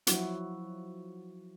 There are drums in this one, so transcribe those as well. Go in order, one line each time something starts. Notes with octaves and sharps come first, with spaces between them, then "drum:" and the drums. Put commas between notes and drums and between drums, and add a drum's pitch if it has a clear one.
F3 F#3 E4 F#4, drum: hi-hat